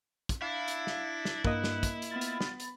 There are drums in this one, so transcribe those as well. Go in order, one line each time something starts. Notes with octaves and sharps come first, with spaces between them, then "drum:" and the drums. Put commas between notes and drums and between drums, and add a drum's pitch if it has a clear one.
drum: kick, hi-hat
D4 E4 F5
drum: hi-hat
drum: snare
drum: snare
G2 A#3 D#5 F#5, drum: kick
drum: snare
drum: kick, hi-hat
drum: hi-hat
B3 F4 B5 A6
drum: hi-hat
drum: snare
drum: hi-hat